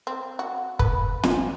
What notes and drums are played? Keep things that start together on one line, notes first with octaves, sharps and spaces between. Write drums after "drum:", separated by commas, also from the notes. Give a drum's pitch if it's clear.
C4
F#4
B4, drum: kick
G#5, drum: snare